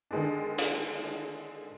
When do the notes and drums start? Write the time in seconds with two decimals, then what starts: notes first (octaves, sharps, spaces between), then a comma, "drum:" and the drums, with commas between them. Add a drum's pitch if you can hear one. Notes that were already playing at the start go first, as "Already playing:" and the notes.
0.11 D3 D#3 G#3 B3 D4
0.58 drum: hi-hat